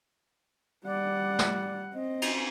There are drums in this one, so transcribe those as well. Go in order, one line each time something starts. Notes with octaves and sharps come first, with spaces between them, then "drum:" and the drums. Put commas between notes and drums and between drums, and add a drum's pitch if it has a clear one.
G3 D5 F#5
drum: snare
C4 D#5
drum: cymbal